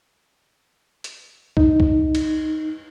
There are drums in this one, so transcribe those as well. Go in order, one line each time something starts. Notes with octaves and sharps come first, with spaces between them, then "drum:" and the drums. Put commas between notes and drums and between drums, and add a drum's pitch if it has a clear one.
drum: hi-hat
D#4, drum: kick C2
drum: kick C2
drum: cymbal